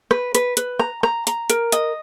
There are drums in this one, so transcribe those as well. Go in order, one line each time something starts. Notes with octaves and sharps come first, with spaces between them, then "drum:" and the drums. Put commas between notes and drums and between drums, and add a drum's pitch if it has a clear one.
B4, drum: rim click
B4, drum: hi-hat
B4, drum: hi-hat
A#5, drum: rim click
A#5, drum: rim click
A#5, drum: hi-hat
A#4, drum: hi-hat
D#5, drum: hi-hat